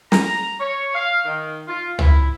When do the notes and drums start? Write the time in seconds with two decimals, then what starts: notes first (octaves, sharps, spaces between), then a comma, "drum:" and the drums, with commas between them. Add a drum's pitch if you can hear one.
0.12 A#5, drum: snare
0.60 C#5
0.95 F5
1.26 D#3
1.68 F4
1.99 E4, drum: tom C#2